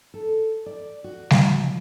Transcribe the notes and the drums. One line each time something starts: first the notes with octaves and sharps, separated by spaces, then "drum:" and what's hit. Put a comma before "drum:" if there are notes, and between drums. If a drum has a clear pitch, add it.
A4
D5
F#4
drum: snare
F3